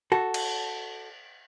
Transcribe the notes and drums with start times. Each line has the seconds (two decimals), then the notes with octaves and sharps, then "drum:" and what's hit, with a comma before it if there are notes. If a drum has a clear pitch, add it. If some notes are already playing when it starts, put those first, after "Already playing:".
0.12 F#4 A4
0.34 drum: cymbal